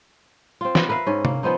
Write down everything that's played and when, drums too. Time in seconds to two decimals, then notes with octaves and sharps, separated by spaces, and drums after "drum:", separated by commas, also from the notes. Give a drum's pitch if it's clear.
0.61 C4 F4
0.75 B3, drum: snare
0.89 A#4 B4 E5 F5
1.07 G#2 C#4
1.25 A#3, drum: tom C3
1.43 F3 B3 C4 D#4